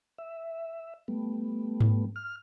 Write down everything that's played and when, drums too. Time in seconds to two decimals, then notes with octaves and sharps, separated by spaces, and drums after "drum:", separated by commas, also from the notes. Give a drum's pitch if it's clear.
0.18 E5
1.08 G3 A3 B3
1.80 drum: tom G#2
2.16 F6